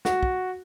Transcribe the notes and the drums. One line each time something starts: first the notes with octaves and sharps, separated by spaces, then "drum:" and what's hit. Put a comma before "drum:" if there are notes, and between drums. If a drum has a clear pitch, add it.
F#4, drum: snare
drum: kick